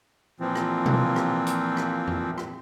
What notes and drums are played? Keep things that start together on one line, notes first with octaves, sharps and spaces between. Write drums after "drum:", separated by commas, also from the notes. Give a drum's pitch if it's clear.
A#2 E3 F3 C4
drum: rim click
drum: tom B2
drum: rim click
drum: hi-hat
drum: rim click
drum: tom F2
drum: rim click